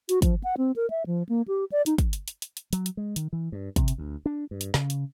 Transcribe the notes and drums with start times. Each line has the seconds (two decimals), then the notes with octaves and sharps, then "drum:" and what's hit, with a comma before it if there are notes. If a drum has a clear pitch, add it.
0.09 F#4, drum: hi-hat
0.22 F3, drum: kick, hi-hat
0.44 F#5
0.58 C4
0.76 A#4
0.90 E5
1.06 F3
1.29 A#3
1.48 G4
1.72 D5
1.86 D#4, drum: hi-hat
1.98 drum: kick, hi-hat
2.13 drum: hi-hat
2.28 drum: hi-hat
2.42 drum: hi-hat
2.57 drum: hi-hat
2.73 F#3, drum: hi-hat
2.86 drum: hi-hat
2.97 G#3
3.16 D#3, drum: hi-hat
3.33 E3
3.52 G2
3.76 C3, drum: kick, hi-hat
3.88 drum: hi-hat
3.98 D2
4.26 D4
4.51 G2
4.61 drum: hi-hat
4.74 C#3, drum: snare
4.90 drum: hi-hat